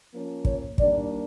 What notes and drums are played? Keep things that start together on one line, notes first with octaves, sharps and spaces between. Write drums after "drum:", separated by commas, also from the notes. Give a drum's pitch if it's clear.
F3 A#3 C#4
C#5, drum: kick
D#3 G3 A#3 D4 D5, drum: kick